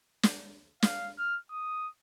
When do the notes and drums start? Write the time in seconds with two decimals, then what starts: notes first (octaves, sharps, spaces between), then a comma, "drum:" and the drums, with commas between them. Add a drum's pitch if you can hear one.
0.23 drum: snare
0.82 F5, drum: snare
1.18 F6
1.51 D#6